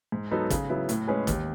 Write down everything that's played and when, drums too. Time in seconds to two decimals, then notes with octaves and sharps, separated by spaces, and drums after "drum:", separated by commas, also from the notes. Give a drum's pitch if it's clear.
0.12 G#2
0.31 F#3 B3 D#4 A4
0.50 C#3, drum: kick, hi-hat
0.69 F#3 B3 E4
0.89 A2, drum: hi-hat
1.07 G#3 C#4 G#4 B4
1.27 D#2, drum: kick, hi-hat